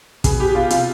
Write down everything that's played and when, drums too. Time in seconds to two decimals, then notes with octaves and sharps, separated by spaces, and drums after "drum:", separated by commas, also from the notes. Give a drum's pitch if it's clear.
0.24 B3 G#4, drum: kick, hi-hat
0.40 B2 G4
0.55 B2 F4
0.70 C3 F4, drum: hi-hat